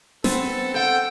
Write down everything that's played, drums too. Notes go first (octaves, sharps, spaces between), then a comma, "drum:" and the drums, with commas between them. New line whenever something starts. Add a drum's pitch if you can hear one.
B3 C4 A4, drum: snare
A4 F#5 G5